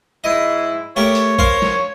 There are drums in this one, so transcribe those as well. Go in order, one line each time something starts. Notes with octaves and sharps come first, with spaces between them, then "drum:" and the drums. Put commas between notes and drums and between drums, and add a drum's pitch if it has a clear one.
G#2 E4 D#5
A3 G4 A#4 C#5
drum: hi-hat
A#4 C5 F5, drum: kick
drum: snare